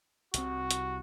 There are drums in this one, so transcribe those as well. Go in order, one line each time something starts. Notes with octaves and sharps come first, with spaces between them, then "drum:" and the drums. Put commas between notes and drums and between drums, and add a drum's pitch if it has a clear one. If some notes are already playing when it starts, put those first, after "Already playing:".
C2 C3 C4 F#4, drum: hi-hat
drum: hi-hat